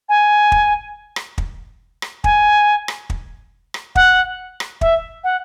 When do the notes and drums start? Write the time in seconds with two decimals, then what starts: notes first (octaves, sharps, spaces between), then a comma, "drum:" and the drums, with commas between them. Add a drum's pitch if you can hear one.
0.09 G#5
0.52 drum: kick
1.16 drum: rim click
1.38 drum: kick
2.02 drum: rim click
2.24 G#5, drum: kick
2.88 drum: rim click
3.10 drum: kick
3.74 drum: rim click
3.95 F#5, drum: kick
4.60 drum: rim click
4.81 E5, drum: kick
5.24 F#5